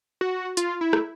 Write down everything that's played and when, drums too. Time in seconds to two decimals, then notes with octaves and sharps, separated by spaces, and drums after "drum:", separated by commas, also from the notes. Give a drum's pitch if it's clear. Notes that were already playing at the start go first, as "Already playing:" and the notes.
0.21 F#4
0.57 F4, drum: hi-hat
0.81 E4
0.93 drum: rim click